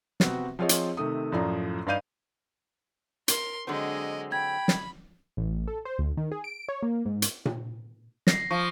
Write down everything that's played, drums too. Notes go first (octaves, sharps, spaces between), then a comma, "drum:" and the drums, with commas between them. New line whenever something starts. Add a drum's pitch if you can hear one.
C3 B3 C4 F#4, drum: snare
F3 C4 F4 G#4 C#5 D#5
drum: hi-hat
C3 D#3 A3 D#6
F#2 A2 F3 D5 A#5
G2 D#4 D5 F5 G6 D#7
A#4 C6, drum: hi-hat
D3 F#3 G#3 C4 D#5
G5 B5 G#6
drum: snare
A1
A4
C5
D2
D#3
G#4
D7
C#5
A#3
G#2
drum: hi-hat
drum: tom A#2
A#6 C7, drum: snare
F3 C#6